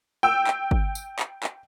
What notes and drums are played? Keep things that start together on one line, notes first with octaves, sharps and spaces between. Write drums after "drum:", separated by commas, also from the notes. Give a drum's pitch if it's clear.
G5 E6
drum: clap
drum: kick G1
drum: tambourine
drum: clap
drum: clap